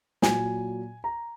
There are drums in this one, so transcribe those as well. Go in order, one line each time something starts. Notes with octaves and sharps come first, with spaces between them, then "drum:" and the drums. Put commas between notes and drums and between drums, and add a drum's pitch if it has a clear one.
A#2 F#3 G#5, drum: snare
A#5